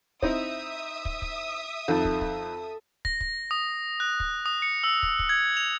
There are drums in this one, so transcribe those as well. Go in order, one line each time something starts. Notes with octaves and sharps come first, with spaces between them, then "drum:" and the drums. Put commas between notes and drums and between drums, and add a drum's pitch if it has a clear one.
C4 D#4 E4 E5 D#6, drum: kick
drum: kick
drum: kick
F2 D#3 A4
drum: kick
drum: kick
A#6, drum: kick
drum: kick
D#6
F#6
drum: kick
D#6
C#7
E6
drum: kick
drum: kick
G#6
F7